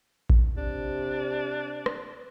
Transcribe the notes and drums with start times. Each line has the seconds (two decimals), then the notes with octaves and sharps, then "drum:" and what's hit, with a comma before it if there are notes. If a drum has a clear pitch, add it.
0.30 drum: kick A1
0.57 C3 D4
1.86 drum: rim click